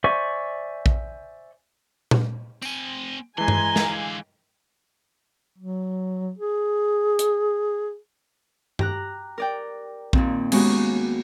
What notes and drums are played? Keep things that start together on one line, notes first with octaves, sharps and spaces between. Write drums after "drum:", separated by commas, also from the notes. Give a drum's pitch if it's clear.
C5 D5 E5 G#5 C#6
drum: kick A#1
drum: tom A#2
C4 G#5, drum: tambourine
E3 G#3 G#5 A#5 C6
drum: tom G2
D3 F5, drum: snare
F#3
G#4
drum: hi-hat
G4 A#5 F#6, drum: tom G2
A#4 D5 G5
D#2 A#2 C4, drum: kick A#1
G#3 A#3 B3 C#4 F#4 G4, drum: cymbal